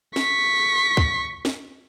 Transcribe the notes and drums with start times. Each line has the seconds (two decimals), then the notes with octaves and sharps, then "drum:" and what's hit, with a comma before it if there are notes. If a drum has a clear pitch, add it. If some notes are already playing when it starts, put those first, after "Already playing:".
0.16 C#6 B6, drum: snare
0.97 drum: kick
1.45 drum: snare